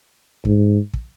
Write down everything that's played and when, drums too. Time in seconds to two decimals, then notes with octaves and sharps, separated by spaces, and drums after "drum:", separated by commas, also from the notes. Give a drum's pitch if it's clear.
0.45 G#2, drum: kick
0.94 drum: kick